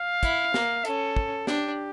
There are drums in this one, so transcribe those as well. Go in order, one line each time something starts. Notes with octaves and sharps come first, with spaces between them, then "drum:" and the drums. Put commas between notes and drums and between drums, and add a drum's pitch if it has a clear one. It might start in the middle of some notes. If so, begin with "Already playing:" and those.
Already playing: F5
E4, drum: kick, hi-hat
A#3, drum: snare
C#4 A4, drum: hi-hat
drum: kick
D4 G4, drum: snare